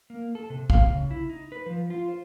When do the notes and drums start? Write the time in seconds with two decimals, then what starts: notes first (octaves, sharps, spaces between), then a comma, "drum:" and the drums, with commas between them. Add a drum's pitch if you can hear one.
0.10 A#3
0.35 A4
0.50 C3
0.70 F5, drum: kick
0.86 C#3
1.11 E4
1.29 D#4
1.52 B4
1.66 F3
1.90 F4
2.08 C5